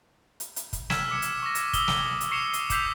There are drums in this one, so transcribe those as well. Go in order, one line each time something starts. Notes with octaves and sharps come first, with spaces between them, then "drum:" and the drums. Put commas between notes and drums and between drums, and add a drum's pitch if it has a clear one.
drum: hi-hat
drum: hi-hat
drum: kick, hi-hat
E6 F6 G#6 B6 E7, drum: snare
D6 C#7
drum: hi-hat
C#6 D6 A#6
drum: hi-hat
D#6 E6 G7, drum: kick, hi-hat
drum: snare
drum: hi-hat
C#6 C7 C#7 E7 F7 G7
drum: hi-hat
D6 E6 G6 B6 C7 F7, drum: kick, hi-hat